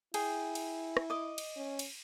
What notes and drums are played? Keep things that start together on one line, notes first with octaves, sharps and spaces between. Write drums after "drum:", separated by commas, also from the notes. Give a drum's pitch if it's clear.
E4 G#4 G5, drum: cymbal
drum: cymbal
drum: rim click
D#5 D6
drum: cymbal
C#4
drum: cymbal